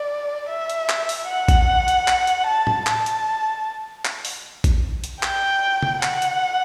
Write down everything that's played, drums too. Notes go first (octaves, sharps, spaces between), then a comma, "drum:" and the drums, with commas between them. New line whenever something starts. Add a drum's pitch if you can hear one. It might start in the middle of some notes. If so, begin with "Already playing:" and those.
Already playing: D5
E5
drum: hi-hat
drum: clap
drum: open hi-hat
F#5
drum: kick, hi-hat
drum: hi-hat
drum: clap
drum: hi-hat
A5
drum: tom A2
A5, drum: clap
drum: hi-hat
drum: clap
drum: open hi-hat
drum: kick, hi-hat
drum: hi-hat
G5, drum: clap
drum: tom C3
F#5, drum: clap
drum: hi-hat